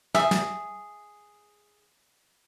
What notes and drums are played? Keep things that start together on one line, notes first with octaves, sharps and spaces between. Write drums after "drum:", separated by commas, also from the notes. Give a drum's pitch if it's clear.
G#4 E5, drum: snare
drum: snare